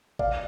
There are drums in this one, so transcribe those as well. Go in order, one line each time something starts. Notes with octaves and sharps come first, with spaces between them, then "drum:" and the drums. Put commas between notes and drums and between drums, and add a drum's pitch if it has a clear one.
D5 F5, drum: kick G#1